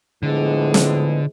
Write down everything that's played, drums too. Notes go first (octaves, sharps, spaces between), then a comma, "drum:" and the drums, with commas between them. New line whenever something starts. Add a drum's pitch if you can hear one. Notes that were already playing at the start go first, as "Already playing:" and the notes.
A2 D3 F3 G#3 B3
drum: snare